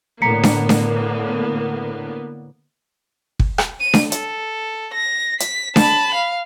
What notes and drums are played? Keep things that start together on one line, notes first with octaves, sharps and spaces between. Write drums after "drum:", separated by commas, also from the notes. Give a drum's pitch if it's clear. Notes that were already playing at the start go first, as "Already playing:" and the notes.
A2 D3 A#3 B3 A#5 B6 C#7
drum: snare D4
drum: snare D4
drum: kick
drum: rim click
D#7
drum: snare D4
A4, drum: hi-hat
A#6
B6, drum: hi-hat
A5 B5, drum: snare D4
F5